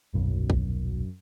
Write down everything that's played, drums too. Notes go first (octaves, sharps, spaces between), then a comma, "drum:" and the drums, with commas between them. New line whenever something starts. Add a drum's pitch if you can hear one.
D#1 B1 F#2
drum: kick